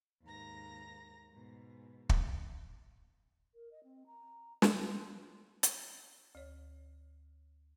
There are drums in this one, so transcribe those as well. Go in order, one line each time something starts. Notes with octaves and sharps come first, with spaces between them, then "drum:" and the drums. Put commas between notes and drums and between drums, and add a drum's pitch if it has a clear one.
D#2 G#2 A#5 A#6
G#2 B2
drum: kick
A#4
D#5
C4
A#5
B4, drum: snare
C6
drum: hi-hat
D2 C#5